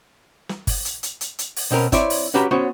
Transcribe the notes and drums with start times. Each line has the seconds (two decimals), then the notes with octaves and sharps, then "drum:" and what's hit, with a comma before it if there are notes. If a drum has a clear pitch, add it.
0.49 drum: snare
0.67 drum: kick G1, open hi-hat
0.85 drum: hi-hat
1.03 drum: hi-hat
1.21 drum: hi-hat
1.39 drum: hi-hat
1.56 drum: open hi-hat
1.71 B2 C4 C#4 A#4 B4
1.92 C4 E4 C#5 D5 E5, drum: kick G1, hi-hat
2.10 drum: open hi-hat
2.34 C#4 F#4 G4 B4 A#5 B5
2.51 B3 C#4 F#4 C5 C#5